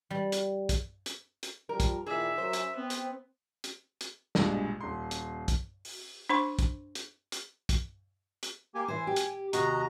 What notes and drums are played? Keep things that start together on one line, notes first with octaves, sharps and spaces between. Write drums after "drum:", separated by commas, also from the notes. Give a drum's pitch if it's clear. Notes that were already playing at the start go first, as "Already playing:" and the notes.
G3
drum: hi-hat
drum: kick, hi-hat
drum: hi-hat
drum: hi-hat
F3 G3 A#4
drum: kick, hi-hat
A#2 D#3 E3 G#4 D5 E5
F#2 C5
drum: hi-hat
B3 C4
drum: hi-hat
drum: hi-hat
drum: hi-hat
A#1 G2 B2 G#3, drum: snare
D#1 C6
drum: hi-hat
drum: kick, hi-hat
drum: open hi-hat
D4 C5 C6 C#6
drum: kick, hi-hat
drum: hi-hat
drum: hi-hat
drum: kick, hi-hat
drum: hi-hat
A#3 G4 G#5
E3 C5 G#5
G4
drum: hi-hat
D#2 C3 F#4 D#5 A#5, drum: hi-hat